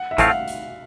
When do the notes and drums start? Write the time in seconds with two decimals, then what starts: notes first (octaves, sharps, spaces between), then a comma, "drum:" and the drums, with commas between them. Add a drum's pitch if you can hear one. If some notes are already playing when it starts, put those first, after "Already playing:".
Already playing: F#5
0.11 E5
0.18 A2 E3 A3 C4 F4 F5, drum: kick G#1, hi-hat
0.29 F#5
0.48 drum: hi-hat